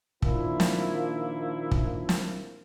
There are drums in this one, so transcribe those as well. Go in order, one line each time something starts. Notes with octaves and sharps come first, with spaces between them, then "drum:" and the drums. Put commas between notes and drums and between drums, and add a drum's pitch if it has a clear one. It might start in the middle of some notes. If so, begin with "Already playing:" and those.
A#2 D#3 F3 A#3 D4 E4, drum: kick
drum: snare
drum: kick
drum: snare